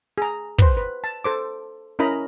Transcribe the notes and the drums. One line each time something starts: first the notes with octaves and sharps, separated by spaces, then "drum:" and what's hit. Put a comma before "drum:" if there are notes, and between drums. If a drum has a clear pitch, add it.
G#4 A#5
B4 C5, drum: kick
B4
A5
A4 C5 D6
C#4 E4 A#4 D#5 A#5 B5